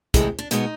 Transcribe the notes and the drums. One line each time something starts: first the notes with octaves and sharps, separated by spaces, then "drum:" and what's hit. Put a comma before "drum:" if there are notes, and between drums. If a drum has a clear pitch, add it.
D2 C3 E3 G#3 A4, drum: kick, hi-hat
D4
B2 G#3 B3 D#4, drum: hi-hat